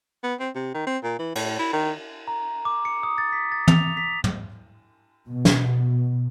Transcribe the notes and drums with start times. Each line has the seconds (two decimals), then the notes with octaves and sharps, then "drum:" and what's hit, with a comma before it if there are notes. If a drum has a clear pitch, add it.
0.23 B3
0.40 C4
0.55 C3
0.74 D#3
0.86 C4
1.03 A#2
1.19 E3
1.35 A2, drum: cymbal
1.59 E4
1.73 D#3
2.28 A#5
2.65 D6
2.85 C#7
3.03 D#6
3.18 A6
3.33 B6
3.52 A6
3.68 F7, drum: tom
3.97 B6
4.24 drum: tom
5.29 B2
5.45 drum: snare